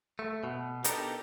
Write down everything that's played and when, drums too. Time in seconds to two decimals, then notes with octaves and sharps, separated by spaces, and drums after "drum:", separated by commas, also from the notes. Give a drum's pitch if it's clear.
0.19 A3
0.44 B2
0.84 B3 D4 D#4 G4 A4 A#4, drum: hi-hat